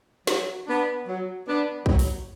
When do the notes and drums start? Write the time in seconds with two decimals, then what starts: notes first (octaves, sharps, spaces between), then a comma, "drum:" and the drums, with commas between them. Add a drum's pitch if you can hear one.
0.27 F#3, drum: snare
0.67 B3 D4
1.07 F#3
1.46 B3 D4
1.86 F#3, drum: kick B1
1.99 drum: open hi-hat